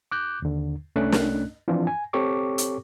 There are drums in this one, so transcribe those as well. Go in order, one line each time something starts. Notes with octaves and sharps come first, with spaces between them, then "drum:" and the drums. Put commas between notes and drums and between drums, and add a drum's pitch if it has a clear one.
D6 F#6 G6
D#2 D3
C2 A3 C#4 D4 F#6
drum: snare
E3 F3 C4 D4 F4
G#5
C4 G4 A4 C#5 C#6 D6
drum: hi-hat